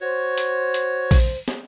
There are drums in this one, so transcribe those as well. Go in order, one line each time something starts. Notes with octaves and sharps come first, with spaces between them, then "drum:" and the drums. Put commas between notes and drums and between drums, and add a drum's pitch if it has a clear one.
F#4 C5 C#5
drum: hi-hat
drum: hi-hat
drum: kick A#1, open hi-hat
drum: snare